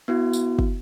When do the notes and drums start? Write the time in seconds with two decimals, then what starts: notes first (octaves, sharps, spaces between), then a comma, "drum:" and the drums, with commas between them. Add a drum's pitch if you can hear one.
0.08 B3 E4 F#4
0.33 drum: tambourine
0.59 drum: kick